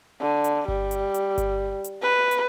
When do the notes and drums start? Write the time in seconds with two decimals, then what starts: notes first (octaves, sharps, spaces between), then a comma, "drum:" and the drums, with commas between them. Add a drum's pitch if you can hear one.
0.21 D3
0.44 drum: hi-hat
0.68 G3, drum: kick G1
0.91 drum: hi-hat
1.14 drum: hi-hat
1.38 drum: kick G1, hi-hat
1.84 drum: hi-hat
2.02 B4
2.31 drum: hi-hat